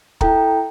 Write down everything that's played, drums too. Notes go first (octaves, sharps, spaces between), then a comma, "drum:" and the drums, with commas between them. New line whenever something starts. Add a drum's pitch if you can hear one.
E4 A4 G5 A#5, drum: kick